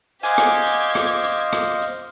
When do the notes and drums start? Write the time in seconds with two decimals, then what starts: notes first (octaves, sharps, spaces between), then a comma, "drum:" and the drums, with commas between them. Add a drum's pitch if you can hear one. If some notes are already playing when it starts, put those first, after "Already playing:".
0.23 G4 C5 D#5 F5 F#5 G#5 D6 G#6
0.38 drum: rim click
0.66 drum: hi-hat
0.95 drum: rim click
1.24 drum: hi-hat
1.53 drum: rim click
1.81 drum: hi-hat